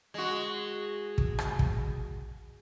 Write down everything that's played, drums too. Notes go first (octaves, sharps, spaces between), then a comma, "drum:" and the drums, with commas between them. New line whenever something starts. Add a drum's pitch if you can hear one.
G#3 F#4
drum: kick
drum: rim click
drum: kick